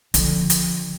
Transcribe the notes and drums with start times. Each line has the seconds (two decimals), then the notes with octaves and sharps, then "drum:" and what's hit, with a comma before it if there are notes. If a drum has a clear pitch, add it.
0.14 D3 F3, drum: hi-hat
0.50 drum: hi-hat